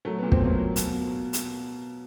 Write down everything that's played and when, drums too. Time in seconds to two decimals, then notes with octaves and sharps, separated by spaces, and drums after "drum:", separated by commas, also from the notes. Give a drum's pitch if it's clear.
0.05 F#3 A3
0.19 A#2 B3
0.32 C4, drum: kick
0.41 F#3 A#3
0.59 F#3
0.76 B2, drum: hi-hat
1.33 drum: hi-hat